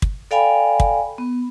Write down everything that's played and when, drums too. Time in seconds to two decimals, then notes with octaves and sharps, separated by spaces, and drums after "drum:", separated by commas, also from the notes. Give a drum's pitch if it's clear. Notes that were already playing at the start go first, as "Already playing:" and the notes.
0.02 drum: kick
0.31 A4 D5 F5 G5 G#5 B5
0.80 drum: kick
1.18 B3